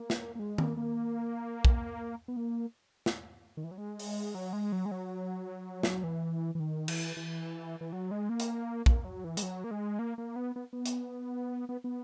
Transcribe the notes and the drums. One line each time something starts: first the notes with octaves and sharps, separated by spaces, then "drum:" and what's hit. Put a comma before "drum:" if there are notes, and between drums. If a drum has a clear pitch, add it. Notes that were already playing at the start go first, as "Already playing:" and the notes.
Already playing: A#3
drum: snare
A#3
G#3
A#3, drum: tom D#3
A#3
drum: kick
B3
A#3
drum: snare
D#3
E3
F#3
G#3
drum: open hi-hat
F#3
G#3
F#3
G#3
F#3
drum: snare
E3
E3
D#3
E3, drum: cymbal
E3
E3
F#3
G#3
A#3
drum: hi-hat
A#3, drum: kick
F#3
E3
G#3, drum: hi-hat
F#3
A#3
G#3
A#3
A#3
B3
B3
B3
drum: hi-hat
B3
B3